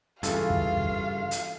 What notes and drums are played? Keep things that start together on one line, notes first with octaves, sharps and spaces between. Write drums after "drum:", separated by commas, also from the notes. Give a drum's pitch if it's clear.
G2 C#3 E3 F4 A4 F5, drum: hi-hat
drum: kick
drum: kick
drum: hi-hat